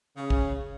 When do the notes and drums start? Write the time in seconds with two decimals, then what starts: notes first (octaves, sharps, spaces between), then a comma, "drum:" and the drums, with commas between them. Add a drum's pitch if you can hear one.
0.17 C#3
0.30 drum: kick